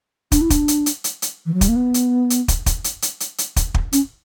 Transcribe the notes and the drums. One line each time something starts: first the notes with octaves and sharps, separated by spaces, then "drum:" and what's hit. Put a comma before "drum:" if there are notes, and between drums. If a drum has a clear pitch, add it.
D4, drum: kick, hi-hat
E4
D4, drum: kick, hi-hat
drum: hi-hat
drum: hi-hat
drum: hi-hat
drum: hi-hat
E3
F#3
G3, drum: kick, hi-hat
A#3
B3
drum: hi-hat
drum: hi-hat
drum: kick, hi-hat
drum: kick, hi-hat
drum: hi-hat
drum: hi-hat
drum: hi-hat
drum: hi-hat
drum: kick, hi-hat
drum: kick
C#4, drum: hi-hat